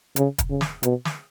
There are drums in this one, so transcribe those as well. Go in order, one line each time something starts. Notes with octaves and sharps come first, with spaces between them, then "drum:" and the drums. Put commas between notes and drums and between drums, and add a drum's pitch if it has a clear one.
C#3, drum: hi-hat
drum: kick, hi-hat
C#3
drum: snare
B2, drum: hi-hat
drum: snare